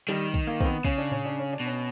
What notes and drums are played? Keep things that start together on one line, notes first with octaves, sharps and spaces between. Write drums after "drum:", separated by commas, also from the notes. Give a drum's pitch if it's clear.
D#3 G3
drum: kick
A#3
C4, drum: kick
B3
C#3 C#4, drum: kick
D4
C#4, drum: tom A2
D4
C#4
D4
B2
C#4